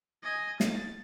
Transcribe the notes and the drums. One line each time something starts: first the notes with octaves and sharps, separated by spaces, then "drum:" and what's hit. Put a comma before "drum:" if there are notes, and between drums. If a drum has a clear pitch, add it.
D#5 G#5
A6, drum: snare